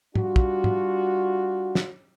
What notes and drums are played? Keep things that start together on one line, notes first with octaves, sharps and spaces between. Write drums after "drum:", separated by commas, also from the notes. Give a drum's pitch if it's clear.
G3 D4 F4 F#4, drum: tom
drum: kick
drum: tom
drum: snare